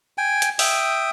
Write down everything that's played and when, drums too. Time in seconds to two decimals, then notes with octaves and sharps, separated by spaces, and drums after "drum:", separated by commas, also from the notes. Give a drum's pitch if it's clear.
0.18 G5 G#5
0.42 drum: hi-hat
0.59 E5 G5 D#6, drum: open hi-hat